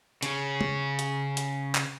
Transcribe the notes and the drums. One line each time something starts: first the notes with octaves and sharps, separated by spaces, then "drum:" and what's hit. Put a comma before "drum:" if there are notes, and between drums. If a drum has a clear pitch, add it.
C#3 C#4, drum: hi-hat
drum: tom
drum: hi-hat
drum: hi-hat
drum: clap